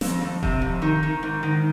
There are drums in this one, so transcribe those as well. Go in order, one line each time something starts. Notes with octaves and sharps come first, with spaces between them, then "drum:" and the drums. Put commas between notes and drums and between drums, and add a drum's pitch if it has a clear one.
F2, drum: snare
F2
C3, drum: kick D#1
F2
D#3
D#3
G#2
D#3